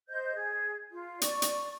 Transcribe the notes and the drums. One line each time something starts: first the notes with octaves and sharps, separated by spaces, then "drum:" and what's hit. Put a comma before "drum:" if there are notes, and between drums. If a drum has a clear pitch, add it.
C5 D#5 G6
G#4
F4
D5 C#6, drum: hi-hat
drum: hi-hat